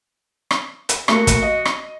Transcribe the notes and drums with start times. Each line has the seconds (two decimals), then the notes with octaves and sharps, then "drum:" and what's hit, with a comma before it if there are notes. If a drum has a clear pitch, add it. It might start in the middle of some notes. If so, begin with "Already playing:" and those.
0.51 drum: rim click
0.89 drum: hi-hat
1.08 A3 A#3 F#4, drum: rim click
1.27 drum: kick, hi-hat
1.42 D#5
1.65 drum: rim click